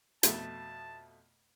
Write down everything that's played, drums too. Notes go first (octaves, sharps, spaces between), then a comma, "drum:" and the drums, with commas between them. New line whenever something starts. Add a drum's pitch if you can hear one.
F2 B2 A3 A5, drum: hi-hat